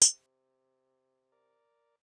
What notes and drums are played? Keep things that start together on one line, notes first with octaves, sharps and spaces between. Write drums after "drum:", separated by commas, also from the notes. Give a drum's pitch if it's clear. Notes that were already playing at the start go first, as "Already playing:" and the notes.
C3, drum: tambourine
A#4 D5